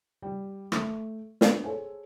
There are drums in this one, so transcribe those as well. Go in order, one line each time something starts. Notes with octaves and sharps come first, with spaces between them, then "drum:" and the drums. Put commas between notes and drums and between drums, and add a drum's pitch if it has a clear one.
G3
A3, drum: rim click
D4 B4 C5, drum: snare
G#4 A4 C5 C#5 G#5